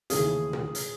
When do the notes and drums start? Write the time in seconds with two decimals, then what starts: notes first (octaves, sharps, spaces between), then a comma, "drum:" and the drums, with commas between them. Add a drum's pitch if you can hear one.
0.10 D#2 C#3 E3 A3 C#4 G#4, drum: hi-hat
0.53 drum: tom A#2
0.75 drum: hi-hat